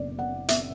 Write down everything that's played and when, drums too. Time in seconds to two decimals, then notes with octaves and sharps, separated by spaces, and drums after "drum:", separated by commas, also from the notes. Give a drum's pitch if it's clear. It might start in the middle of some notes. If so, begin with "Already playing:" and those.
Already playing: F#1 B2 D5
0.19 F#5
0.48 E5, drum: hi-hat